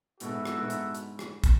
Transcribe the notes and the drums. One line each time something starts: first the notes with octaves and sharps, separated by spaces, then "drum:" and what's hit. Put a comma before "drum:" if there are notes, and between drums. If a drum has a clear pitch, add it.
G#2 B2 F#4 A4 E5, drum: hi-hat
drum: rim click
G#2 B2
drum: hi-hat
drum: hi-hat
drum: rim click
drum: kick, hi-hat